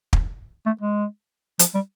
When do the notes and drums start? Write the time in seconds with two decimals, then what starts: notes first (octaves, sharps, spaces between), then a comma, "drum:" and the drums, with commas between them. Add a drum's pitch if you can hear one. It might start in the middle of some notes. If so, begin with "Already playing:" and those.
0.13 drum: kick
0.66 A3
0.81 G#3
1.59 F3, drum: hi-hat
1.75 G3